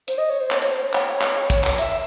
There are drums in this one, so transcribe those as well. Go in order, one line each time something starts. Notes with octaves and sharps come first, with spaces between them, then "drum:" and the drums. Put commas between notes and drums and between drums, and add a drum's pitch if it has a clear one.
C5, drum: hi-hat
D#5
C#5
C5
C#5, drum: clap
C#5, drum: hi-hat
C5
C#5
C#5, drum: clap
drum: clap
drum: kick, hi-hat
drum: clap
E5, drum: hi-hat